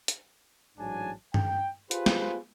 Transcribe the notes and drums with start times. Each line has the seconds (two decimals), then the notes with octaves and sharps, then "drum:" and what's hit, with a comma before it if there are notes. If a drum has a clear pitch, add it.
0.08 drum: hi-hat
0.78 A1 G#2 F#3 D4 G#5 A5
1.34 G5, drum: tom G2
1.91 F4 G4 G#4 B4 C5, drum: hi-hat
2.06 drum: snare